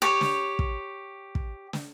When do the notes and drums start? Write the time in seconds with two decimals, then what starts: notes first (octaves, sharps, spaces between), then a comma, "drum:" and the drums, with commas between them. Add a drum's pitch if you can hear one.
0.02 G4 C#5
0.21 drum: snare
0.59 drum: kick
1.35 drum: kick
1.73 drum: snare